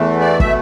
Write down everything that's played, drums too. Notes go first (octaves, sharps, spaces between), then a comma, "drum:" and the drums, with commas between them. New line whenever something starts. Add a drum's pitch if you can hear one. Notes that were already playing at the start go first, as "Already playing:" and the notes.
Already playing: E2 E3 A3
D5
B2 A3 E5, drum: kick